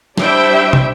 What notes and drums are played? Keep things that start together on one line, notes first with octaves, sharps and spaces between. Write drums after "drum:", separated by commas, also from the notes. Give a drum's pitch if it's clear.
G3 D4 E4 C5 E5 G5, drum: snare
drum: tom